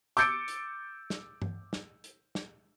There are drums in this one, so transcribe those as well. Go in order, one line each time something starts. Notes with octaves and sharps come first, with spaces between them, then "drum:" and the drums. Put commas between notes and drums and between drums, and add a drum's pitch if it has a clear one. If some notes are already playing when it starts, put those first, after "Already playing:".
D6 E6 G6 A6 C#7 D7, drum: hi-hat
drum: hi-hat
drum: snare
drum: tom G2
drum: snare
drum: hi-hat
drum: snare